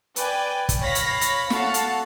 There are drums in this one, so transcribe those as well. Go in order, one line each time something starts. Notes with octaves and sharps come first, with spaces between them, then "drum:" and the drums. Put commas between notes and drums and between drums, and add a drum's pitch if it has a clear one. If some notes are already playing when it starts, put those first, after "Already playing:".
B4 D5 G5 G#5, drum: hi-hat
drum: kick, hi-hat
C#5 F5 B5 A#6 B6
drum: hi-hat
drum: hi-hat
F#4 A4 F5 F#5 A5, drum: snare
drum: hi-hat